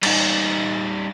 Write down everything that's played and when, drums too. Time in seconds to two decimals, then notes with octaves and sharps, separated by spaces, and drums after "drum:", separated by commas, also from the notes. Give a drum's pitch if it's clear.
0.03 G3 D#4, drum: cymbal